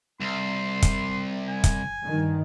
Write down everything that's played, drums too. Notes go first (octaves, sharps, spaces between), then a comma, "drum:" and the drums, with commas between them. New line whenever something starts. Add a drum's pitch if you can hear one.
C2 C6
drum: kick, hi-hat
G#5
drum: kick, hi-hat
G2 D#3